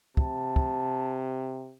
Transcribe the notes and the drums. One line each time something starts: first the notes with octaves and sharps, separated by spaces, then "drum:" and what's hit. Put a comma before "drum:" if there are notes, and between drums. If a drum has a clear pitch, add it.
C3 A5, drum: kick
drum: kick